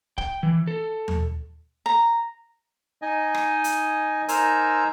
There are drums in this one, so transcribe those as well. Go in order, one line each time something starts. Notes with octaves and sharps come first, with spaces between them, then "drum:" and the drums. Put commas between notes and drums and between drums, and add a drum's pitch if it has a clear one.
G5, drum: kick
E3
A4
drum: tom D#2
A#5
D#4 D#5 G#5
drum: rim click
drum: hi-hat
D#4 A#4 C5 G#5 A#5 E6, drum: hi-hat